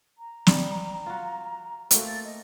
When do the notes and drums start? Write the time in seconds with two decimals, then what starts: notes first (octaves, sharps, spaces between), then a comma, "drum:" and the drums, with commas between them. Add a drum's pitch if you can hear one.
0.18 A#5
0.47 G3, drum: snare
1.06 F4 F#4
1.91 A3 A#3 C4 F#4, drum: hi-hat
2.06 A6
2.24 D#5